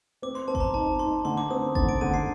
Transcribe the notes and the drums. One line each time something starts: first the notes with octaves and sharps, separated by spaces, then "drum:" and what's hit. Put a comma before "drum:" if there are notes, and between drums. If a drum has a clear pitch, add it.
C4 D6
C6
C4 A5
C6, drum: kick G1
A#5
D#4 A5
D#4 C6
D3 C6
D6
C4 D#6
D3 A6, drum: kick G1
D7
D3 D#7
C7